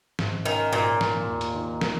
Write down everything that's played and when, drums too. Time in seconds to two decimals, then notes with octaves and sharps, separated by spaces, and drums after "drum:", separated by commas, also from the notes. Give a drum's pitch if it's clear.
0.19 G#1, drum: snare
0.45 D#3 C#4
0.73 G#1 A#2
1.01 A#3, drum: snare
1.27 D#2
1.41 drum: hi-hat
1.54 D#3
1.81 A#3, drum: snare